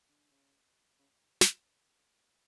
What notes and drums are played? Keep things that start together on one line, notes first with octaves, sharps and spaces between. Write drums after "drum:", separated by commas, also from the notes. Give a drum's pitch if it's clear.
D3
C#3
C#3
drum: snare